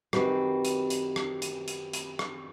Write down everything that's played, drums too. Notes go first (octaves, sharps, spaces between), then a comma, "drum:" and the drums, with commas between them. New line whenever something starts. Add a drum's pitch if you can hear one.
F#2 D#3 C4 F#4 G4 B4, drum: rim click
drum: hi-hat
drum: hi-hat
drum: rim click
drum: hi-hat
drum: hi-hat
drum: hi-hat
drum: rim click